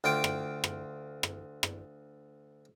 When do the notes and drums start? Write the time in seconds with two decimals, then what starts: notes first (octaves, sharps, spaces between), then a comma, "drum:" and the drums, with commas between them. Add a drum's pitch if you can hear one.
0.04 D2 F4 G5 D6
0.24 drum: rim click
0.64 drum: rim click
1.23 drum: rim click
1.63 drum: rim click